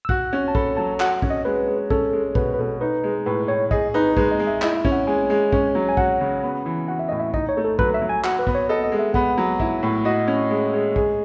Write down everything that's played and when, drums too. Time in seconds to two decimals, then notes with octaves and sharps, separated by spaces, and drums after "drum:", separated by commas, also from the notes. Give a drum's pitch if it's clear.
0.05 E6
0.09 F#4 F#6, drum: kick
0.33 C#4
0.48 A5
0.55 A4 B5, drum: kick
0.77 F#3 A5
1.00 F#4 F#5, drum: clap
1.22 C#4, drum: kick
1.30 D#5
1.45 G#3 B4
1.68 G#3
1.90 C#4 A4, drum: kick
2.13 G#3
2.35 B2 B4, drum: kick
2.54 B4
2.59 B2 A4
2.81 D#4 B4
3.03 G#3
3.26 A2 B4
3.48 A2 C#5
3.71 G#4 D#5, drum: kick
3.94 D#4 B4
4.17 G#3 B4, drum: kick
4.31 D#5
4.40 G#3
4.47 E5
4.62 E4 D#5, drum: clap
4.77 E5
4.85 C#4, drum: kick
4.92 F#5
5.07 G#3 G#5
5.30 G#3
5.53 C#4, drum: kick
5.75 F#3
5.89 G#5
5.97 F#4 F#5, drum: kick
6.20 C#3
6.43 B3
6.65 E3
6.88 F#4 F#5
6.99 E5
7.09 A2 D#5
7.20 E5
7.34 D#4 D#5, drum: kick
7.49 C#5
7.57 A3
7.64 A4
7.79 F#3 B4, drum: kick
7.94 E5
8.02 F#3
8.09 G#5
8.24 F#4 F#5, drum: clap
8.39 B4
8.47 B3, drum: kick
8.55 C#5
8.69 A4 D#5
8.84 D#5
8.92 G#3
8.99 E5
9.14 B3 F#5, drum: kick
9.37 F#3
9.60 E4, drum: kick
9.83 A2
10.05 F#4 D#5
10.28 C#4
10.50 G#3
10.73 G#3
10.96 G#4, drum: kick